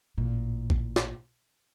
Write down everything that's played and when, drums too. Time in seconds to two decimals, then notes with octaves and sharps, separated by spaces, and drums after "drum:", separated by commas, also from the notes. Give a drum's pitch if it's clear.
0.18 A1 A#2
0.70 drum: kick A1
0.96 drum: snare